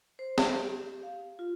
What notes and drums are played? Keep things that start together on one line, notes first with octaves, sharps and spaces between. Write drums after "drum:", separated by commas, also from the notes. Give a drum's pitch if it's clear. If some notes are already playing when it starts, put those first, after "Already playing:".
C5
drum: snare
G4
F5
F4